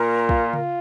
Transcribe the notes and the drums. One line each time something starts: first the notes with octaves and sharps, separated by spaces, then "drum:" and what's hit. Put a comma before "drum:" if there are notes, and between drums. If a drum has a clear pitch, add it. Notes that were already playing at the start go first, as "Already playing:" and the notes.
Already playing: A#2 A#4
F4, drum: kick
drum: tom C#3